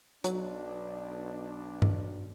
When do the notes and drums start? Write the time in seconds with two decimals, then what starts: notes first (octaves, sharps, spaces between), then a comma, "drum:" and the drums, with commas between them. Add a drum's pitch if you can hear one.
0.24 B1 F#3 D4, drum: hi-hat
1.82 drum: tom G2